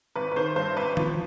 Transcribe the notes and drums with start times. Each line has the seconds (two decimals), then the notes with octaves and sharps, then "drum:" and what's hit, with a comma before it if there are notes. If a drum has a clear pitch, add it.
0.16 G#1 B4
0.31 B4
0.36 D#3 C5
0.56 G2 C5
0.77 G#1 B4
0.97 F3, drum: tom D#3